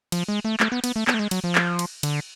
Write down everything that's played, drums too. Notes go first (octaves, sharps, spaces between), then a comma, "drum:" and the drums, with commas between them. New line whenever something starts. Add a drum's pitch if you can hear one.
F3, drum: cymbal
G#3
A3
A3, drum: clap
B3
B3, drum: cymbal
A3
B3, drum: clap
A3
G#3
F#3, drum: cymbal
F3
drum: clap
drum: cymbal
D3, drum: cymbal